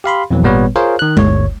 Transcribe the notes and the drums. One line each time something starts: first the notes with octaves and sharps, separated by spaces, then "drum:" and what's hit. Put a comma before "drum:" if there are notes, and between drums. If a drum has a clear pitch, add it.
G4 F5 B5 C6
F2 B2 E3 F#3
G#1 A#2 G3 B3 B4 C#5
F4 G#4 A#4 C5 C#5 F5
D#3 F#6
G1 D2 C#5, drum: tom G#3